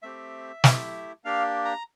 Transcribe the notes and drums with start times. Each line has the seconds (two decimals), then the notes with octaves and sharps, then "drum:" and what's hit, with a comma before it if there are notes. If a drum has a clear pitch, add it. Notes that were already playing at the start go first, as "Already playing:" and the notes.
0.03 A3 C4 G4 E5
0.64 A3 E4 G4, drum: snare
1.25 A#3 D4 G4 F5
1.65 A#5